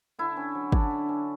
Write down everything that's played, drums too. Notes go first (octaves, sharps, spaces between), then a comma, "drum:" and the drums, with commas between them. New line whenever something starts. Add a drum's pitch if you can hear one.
D3 E4
C#4
F#3
D3 D4, drum: kick
D3
C#4